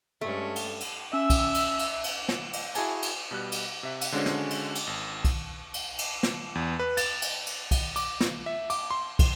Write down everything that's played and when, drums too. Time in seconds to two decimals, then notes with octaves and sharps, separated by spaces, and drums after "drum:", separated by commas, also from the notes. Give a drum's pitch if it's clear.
0.21 G2 G#3 A3 C#4
0.56 drum: cymbal
0.80 drum: cymbal
1.13 C#4 E5 E6
1.30 drum: kick, cymbal
1.54 drum: cymbal
1.79 drum: cymbal
2.04 drum: cymbal
2.28 drum: snare
2.53 drum: cymbal
2.75 E4 F#4 G#4 G#5 A5, drum: cymbal
3.02 drum: cymbal
3.31 B2 G3 F#6
3.52 drum: cymbal
3.83 C3 E5
4.01 drum: cymbal
4.12 D3 G#3 C#4 D4 F#4 C5
4.26 drum: snare
4.50 drum: cymbal
4.75 drum: cymbal
4.87 G#1
5.24 drum: kick, cymbal
5.74 drum: cymbal
5.99 drum: cymbal
6.23 drum: snare
6.55 E2
6.79 B4
6.97 A6, drum: cymbal
7.22 drum: cymbal
7.47 drum: cymbal
7.71 drum: kick, cymbal
7.96 D6, drum: cymbal
8.21 drum: snare
8.46 E5
8.70 D6, drum: cymbal
8.91 C6
9.19 drum: kick, cymbal